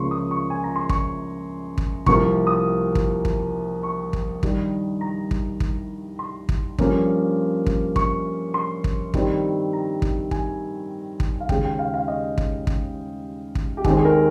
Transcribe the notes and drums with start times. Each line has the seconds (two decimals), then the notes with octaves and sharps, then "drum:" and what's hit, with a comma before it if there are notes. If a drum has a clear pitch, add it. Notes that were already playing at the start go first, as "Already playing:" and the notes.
Already playing: C#2 C#3 F3 A#3 C6 C#6
0.11 D#6
0.31 C#6
0.50 G#5
0.64 A#5
0.76 C6
0.89 C#6, drum: kick
1.78 drum: kick
2.06 C2 C3 F3 A#3 C#6, drum: kick
2.47 D#6
2.95 drum: kick
3.25 drum: kick
3.83 C#6
4.13 drum: kick
4.43 G2 D#3 G3, drum: kick
5.01 A#5
5.31 drum: kick
5.60 drum: kick
6.19 C6
6.49 drum: kick
6.78 G2 F3 A#3 C#4, drum: kick
7.66 drum: kick
7.96 C#6, drum: kick
8.54 C6
8.84 drum: kick
9.14 G2 D#3 G3 C4, drum: kick
9.73 A#5
10.02 drum: kick
10.31 G#5, drum: kick
11.20 drum: kick
11.40 F5
11.49 D#2 C#3 G#3 G5, drum: kick
11.65 G5
11.79 F5
11.94 F5
12.08 D#5
12.38 drum: kick
12.67 drum: kick
13.55 drum: kick
13.77 G4
13.84 D#2 D#3 G#3 C4 G#4, drum: kick
13.97 G#4
14.05 A#4